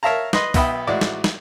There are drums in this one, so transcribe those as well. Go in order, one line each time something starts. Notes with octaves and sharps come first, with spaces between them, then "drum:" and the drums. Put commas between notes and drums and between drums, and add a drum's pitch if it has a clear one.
A#4 C#5 E5 F5 A5 A#5
B4 D#5 C6, drum: snare
B1 B3 E5 G5 B5 D#6, drum: kick C2, open hi-hat
A1 G#3 F#4 D5 D6
drum: snare
drum: snare